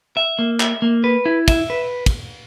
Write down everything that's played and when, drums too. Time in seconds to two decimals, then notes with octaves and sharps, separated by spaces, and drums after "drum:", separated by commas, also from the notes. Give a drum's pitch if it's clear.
0.17 E5
0.39 A#3
0.60 E5, drum: clap
0.82 A#3
1.04 B4
1.26 E4
1.48 E5, drum: kick, cymbal
1.70 B4
2.06 drum: kick, cymbal